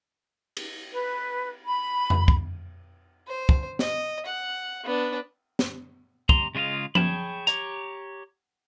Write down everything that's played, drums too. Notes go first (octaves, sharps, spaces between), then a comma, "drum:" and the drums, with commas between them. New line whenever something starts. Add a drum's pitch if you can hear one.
drum: cymbal
B4
B5
drum: tom F2
drum: kick
C5
drum: kick
D#5, drum: snare
F#5
B3 D4
drum: snare
G3 A#5 C6, drum: kick
C#3 G#3 F4 D#5 F5
G#4 C#5 G5 A5 B5, drum: tom F3
G4 C#5 A#5, drum: hi-hat